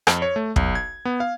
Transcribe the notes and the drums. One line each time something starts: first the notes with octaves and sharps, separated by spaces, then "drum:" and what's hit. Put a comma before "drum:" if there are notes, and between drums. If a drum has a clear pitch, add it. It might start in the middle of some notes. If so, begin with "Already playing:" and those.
F2, drum: rim click
C#5
A3
B1, drum: kick
G#6
B3
F5